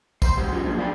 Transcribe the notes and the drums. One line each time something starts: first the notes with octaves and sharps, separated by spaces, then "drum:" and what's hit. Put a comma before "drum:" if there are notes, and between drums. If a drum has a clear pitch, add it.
C5 B5 C6, drum: kick, tambourine
F#2 G#3 G4 F#5
C#4 F4 G#4 C5
F#3 A#3 B3 D4 G#4
F2 A3 D5 F5 G5 B5